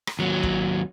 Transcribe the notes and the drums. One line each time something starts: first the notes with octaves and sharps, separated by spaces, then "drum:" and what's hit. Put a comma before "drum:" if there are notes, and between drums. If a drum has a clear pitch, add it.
drum: rim click
D#2 F#3
drum: kick